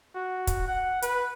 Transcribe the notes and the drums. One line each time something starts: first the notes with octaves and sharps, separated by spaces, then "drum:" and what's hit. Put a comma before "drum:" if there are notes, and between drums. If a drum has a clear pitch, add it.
F#4
drum: kick, hi-hat
F#5
B4, drum: hi-hat